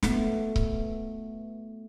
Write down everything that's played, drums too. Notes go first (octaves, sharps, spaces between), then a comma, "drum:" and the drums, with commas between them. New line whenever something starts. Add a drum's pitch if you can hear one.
A3 B3, drum: snare
drum: kick C#1